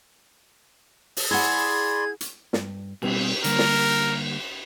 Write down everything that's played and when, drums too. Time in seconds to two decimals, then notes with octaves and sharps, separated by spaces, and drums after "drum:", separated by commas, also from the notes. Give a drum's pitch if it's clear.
1.17 drum: open hi-hat
1.31 E4 G#4 D5 F#5 B5 C6 G#6
2.21 drum: hi-hat
2.53 G2, drum: snare
3.02 B2 G3 C4, drum: cymbal
3.44 D3 G3 A#3 A#4, drum: hi-hat
3.59 drum: snare